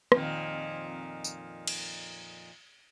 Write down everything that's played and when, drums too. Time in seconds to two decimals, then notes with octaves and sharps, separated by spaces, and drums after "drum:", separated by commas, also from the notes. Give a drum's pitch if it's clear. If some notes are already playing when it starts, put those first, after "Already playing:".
0.12 F2 A#2 D#3, drum: rim click
1.24 drum: tambourine
1.67 drum: cymbal